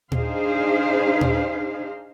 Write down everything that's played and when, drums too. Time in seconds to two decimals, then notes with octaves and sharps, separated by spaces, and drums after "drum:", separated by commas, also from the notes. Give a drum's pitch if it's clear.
0.12 D4 D#4 G#4 C5 F5, drum: tom
1.21 drum: tom